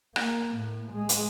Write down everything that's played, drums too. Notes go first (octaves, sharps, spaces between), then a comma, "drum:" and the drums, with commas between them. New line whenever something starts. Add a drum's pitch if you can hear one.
A#3, drum: rim click
A2
G#3
drum: hi-hat